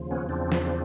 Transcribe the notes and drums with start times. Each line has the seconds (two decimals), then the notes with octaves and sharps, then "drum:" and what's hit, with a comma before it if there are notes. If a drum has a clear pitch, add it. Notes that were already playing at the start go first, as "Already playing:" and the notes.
Already playing: D#2 C#3 F3
0.11 B3 C#4
0.29 E2 C#3 F3 C4 D4
0.52 drum: snare